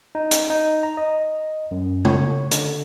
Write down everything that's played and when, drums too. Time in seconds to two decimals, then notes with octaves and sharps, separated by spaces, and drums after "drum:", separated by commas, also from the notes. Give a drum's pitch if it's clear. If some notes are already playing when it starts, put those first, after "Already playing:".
0.15 D#4
0.31 drum: hi-hat
0.50 D#4
0.83 A#5
0.97 D#5
1.71 F#2
2.05 C#5, drum: tom
2.51 D3, drum: hi-hat